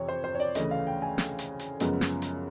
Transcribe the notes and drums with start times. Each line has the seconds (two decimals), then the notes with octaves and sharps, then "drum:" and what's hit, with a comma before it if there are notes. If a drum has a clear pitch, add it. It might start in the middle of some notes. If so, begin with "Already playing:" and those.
Already playing: F2 C3 E3 C#5
0.08 C5
0.24 C5
0.35 C#5
0.40 D5
0.55 D2 C#3 E3 A3 D#5, drum: hi-hat
0.71 F5
0.87 G5
1.02 G#5
1.18 drum: snare
1.39 drum: hi-hat
1.59 drum: hi-hat
1.80 F#2 C#3 F3 G#3 B3, drum: hi-hat
2.01 drum: snare
2.22 drum: hi-hat